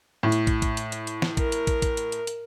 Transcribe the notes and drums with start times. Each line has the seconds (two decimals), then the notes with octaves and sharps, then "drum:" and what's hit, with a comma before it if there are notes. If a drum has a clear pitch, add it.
0.23 A2
0.32 drum: hi-hat
0.47 drum: kick, hi-hat
0.62 drum: kick, hi-hat
0.77 drum: hi-hat
0.92 drum: hi-hat
1.07 drum: hi-hat
1.22 drum: snare
1.37 A#4, drum: kick, hi-hat
1.52 drum: hi-hat
1.67 drum: kick, hi-hat
1.82 drum: kick, hi-hat
1.97 drum: hi-hat
2.12 drum: hi-hat
2.27 drum: hi-hat